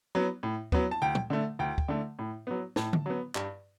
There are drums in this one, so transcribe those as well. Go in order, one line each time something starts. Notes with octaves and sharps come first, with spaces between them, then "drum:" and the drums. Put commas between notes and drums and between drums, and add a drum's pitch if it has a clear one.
F#3 B3
A2
F#3 B3, drum: kick
A5
D2 G5
drum: tom
D3 A3
D2 G5
drum: kick
D3 A3
A2
F#3 B3
A2 A5, drum: snare
drum: tom D3
F#3 B3
G2, drum: clap